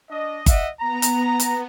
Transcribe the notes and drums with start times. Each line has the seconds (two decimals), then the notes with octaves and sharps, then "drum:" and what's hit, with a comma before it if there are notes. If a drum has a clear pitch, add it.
0.10 D4 D#5
0.46 D#5 E5 F#5, drum: kick G1, hi-hat
0.80 B3 A#5
1.02 drum: hi-hat
1.40 drum: hi-hat